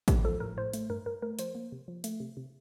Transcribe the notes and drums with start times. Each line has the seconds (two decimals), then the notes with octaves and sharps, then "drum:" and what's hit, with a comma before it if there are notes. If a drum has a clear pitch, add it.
0.08 A2 G4, drum: kick A1, hi-hat
0.24 F3 A4
0.40 A2 A#4
0.57 A2 C5
0.73 A3, drum: hi-hat
0.90 G2 A#4
1.06 G2 A#4
1.22 A3 A#4
1.39 F3 C5, drum: hi-hat
1.55 A#3
1.72 C3
1.88 F3
2.04 A3, drum: hi-hat
2.20 C3
2.37 C3